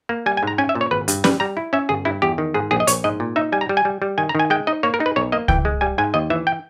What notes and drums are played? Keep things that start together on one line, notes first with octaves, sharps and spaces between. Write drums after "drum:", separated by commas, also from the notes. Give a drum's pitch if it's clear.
A#3
G3 G#5
G#5
G#2 A#5
C#4 G#5
E5
A#2
C#5
G#1 B4
G2, drum: hi-hat
G3 B4, drum: snare C#4
G3 A#5
E4
C#4 E5
G1 G#4
G2 E4
E2 G4
D#3
G#2 G#4
A#1 G#4
D#5
A#1 C#5, drum: hi-hat
G#2 D#5
A#2
D#4 E5
G3 G#5
A#5
G3
G#5
G3
G3
D#3 G#5
A#5
D#3 G#5
G#3 G5
D#4 D#5
A#3 C#5
A#4
D#4
B4
B1 C#5
A#3 D#5
E3 G5, drum: kick C#2
G#3
G3 G#5
G#2 G#5
D#2 D#5
E3 E5
G5